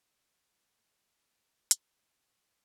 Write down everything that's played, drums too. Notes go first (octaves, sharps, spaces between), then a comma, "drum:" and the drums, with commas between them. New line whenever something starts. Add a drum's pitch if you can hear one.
A3 G#4
drum: hi-hat